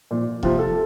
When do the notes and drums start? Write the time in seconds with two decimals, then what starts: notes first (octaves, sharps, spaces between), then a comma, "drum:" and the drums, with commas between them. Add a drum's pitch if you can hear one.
0.11 A#2 F3
0.43 C3 F3 F4, drum: kick E1
0.59 A4